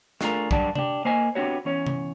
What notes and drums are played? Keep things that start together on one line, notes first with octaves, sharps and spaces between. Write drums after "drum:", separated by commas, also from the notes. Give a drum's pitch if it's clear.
A3 D4 F4 G4 G#4 A#4, drum: snare
G2 F#3 G3 D4 D5 A5, drum: kick A#1
D4 G4, drum: tom C3
A#3 C5 D#5 G#5
B3 C4 D4 F#4 G4 C#5
E2 C#4 C#5
drum: tom C3